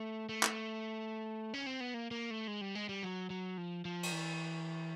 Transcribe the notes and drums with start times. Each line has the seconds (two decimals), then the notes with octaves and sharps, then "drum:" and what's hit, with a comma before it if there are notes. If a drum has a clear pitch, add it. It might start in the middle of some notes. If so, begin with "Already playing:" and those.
Already playing: A3
0.29 A3
0.43 drum: clap
1.54 C#4
1.66 C4
1.80 B3
1.94 A#3
2.11 A#3
2.30 A3
2.48 G#3
2.61 G3
2.75 G#3
2.89 G3
3.03 F#3
3.30 F#3
3.58 F3
3.85 F3
4.03 drum: cymbal
4.12 E3